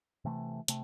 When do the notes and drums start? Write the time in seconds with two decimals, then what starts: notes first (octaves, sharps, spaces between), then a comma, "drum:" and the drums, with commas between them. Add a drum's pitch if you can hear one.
0.25 C3 E3 A3
0.68 C3 A3, drum: hi-hat